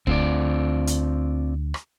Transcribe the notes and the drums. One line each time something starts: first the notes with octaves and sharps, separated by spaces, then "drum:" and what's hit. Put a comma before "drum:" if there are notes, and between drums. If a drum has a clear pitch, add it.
D2 C4 F4 D5, drum: kick
drum: hi-hat
drum: rim click